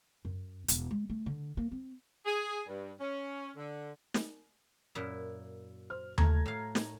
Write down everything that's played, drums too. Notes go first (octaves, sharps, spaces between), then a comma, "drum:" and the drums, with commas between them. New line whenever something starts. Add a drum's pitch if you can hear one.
F#2
E1, drum: hi-hat
G#3
A3
D3
A#3
C4
G#4
G2
C#4
D3
drum: snare
F#2 A#2 E4
C5 F6
A3 A#5 G#6, drum: tom D#2
A2 F5
drum: snare